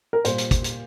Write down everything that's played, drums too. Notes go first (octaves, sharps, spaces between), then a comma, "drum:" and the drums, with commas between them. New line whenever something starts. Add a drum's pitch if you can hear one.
A#4
A#2 G3 A#3 C5, drum: hi-hat
drum: hi-hat
drum: kick, hi-hat
drum: hi-hat